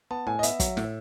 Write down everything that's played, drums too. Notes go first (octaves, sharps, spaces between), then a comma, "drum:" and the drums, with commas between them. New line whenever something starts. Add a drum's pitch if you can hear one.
B3 A5
A2 G#5
D#5
B3 E5, drum: hi-hat
F#3, drum: kick, hi-hat
A2, drum: snare